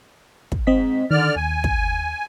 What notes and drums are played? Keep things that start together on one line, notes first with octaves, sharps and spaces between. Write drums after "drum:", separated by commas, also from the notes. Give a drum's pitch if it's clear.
drum: kick
G#2 C4 D#5 B6
D3 D#3 D5 F6
D#2 G#5
drum: kick